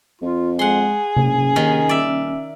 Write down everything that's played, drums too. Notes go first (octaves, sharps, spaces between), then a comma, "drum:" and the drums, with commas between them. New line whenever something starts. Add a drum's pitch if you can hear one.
F2 F4
G#3 G#4 F#5 C6
F#1 C#4, drum: tom C3
D#2 D#3
D#1 D5 E5